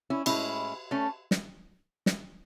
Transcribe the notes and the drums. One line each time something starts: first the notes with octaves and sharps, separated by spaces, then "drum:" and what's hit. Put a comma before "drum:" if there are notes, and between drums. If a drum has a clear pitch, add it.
C#4 E4
A2 G#3 C#4 E4, drum: cymbal
A3 C#4
drum: snare
drum: snare